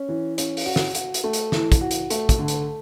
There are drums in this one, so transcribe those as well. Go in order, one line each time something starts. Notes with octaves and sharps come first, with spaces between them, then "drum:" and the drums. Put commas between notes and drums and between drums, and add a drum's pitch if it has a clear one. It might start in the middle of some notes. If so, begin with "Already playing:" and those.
Already playing: C#4
E3
C#4, drum: hi-hat
drum: open hi-hat
F#4
drum: snare
F#4, drum: hi-hat
drum: hi-hat
A3
drum: hi-hat
E3, drum: snare
drum: kick, hi-hat
F#4
drum: hi-hat
A3, drum: hi-hat
drum: kick, hi-hat
D3
drum: hi-hat